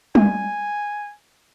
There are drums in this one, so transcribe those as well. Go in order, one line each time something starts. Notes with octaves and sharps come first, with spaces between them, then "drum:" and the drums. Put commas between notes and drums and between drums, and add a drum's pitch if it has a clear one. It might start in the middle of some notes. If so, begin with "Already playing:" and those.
G#5, drum: tom G3